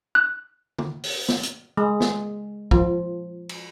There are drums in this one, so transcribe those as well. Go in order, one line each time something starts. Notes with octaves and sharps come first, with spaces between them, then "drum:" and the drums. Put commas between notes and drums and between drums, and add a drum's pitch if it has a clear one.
F#6
drum: tom
drum: open hi-hat
drum: snare
drum: hi-hat
G#3
drum: snare
F3, drum: kick
drum: cymbal